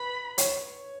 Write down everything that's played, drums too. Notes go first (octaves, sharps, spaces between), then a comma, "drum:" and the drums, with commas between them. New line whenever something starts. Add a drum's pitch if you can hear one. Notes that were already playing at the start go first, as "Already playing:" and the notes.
Already playing: B4 B5
C#5, drum: hi-hat